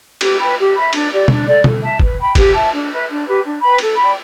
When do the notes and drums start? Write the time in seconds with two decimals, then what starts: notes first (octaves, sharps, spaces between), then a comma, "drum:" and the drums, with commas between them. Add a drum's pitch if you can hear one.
0.21 G4, drum: cymbal
0.39 B4 G5 B5
0.57 G4
0.75 E5 B5
0.93 D4, drum: cymbal
1.11 G4 D5
1.28 D4, drum: tom B2
1.47 A4 D5
1.64 A4, drum: tom B2
1.82 E5 A5
2.00 B4, drum: kick
2.18 G5 B5
2.35 G4, drum: kick, cymbal
2.54 E5 A5
2.72 D4
2.90 B4 E5
3.08 D4
3.25 G4 B4
3.43 D4
3.61 B4 G5 B5
3.78 A4, drum: cymbal
3.97 D5 G5 B5